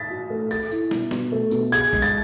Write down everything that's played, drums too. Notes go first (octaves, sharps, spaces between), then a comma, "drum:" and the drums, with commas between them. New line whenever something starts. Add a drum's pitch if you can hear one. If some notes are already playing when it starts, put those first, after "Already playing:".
Already playing: A6 B6
F#4
A3
A4 A6, drum: tambourine
E4, drum: tambourine
B2, drum: snare
B2, drum: snare
A3
B2, drum: tambourine
G#4 G#6, drum: tambourine
G#3, drum: kick A1
A6